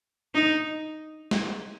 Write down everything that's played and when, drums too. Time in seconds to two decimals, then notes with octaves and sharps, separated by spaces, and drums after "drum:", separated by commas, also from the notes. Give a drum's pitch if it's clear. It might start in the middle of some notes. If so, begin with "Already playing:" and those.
0.35 D#4
1.31 drum: snare